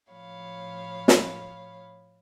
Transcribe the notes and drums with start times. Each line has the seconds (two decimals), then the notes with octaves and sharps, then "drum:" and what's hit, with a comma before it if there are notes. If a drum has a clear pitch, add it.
0.12 A2 F3 C#5 F5 B5
1.08 drum: snare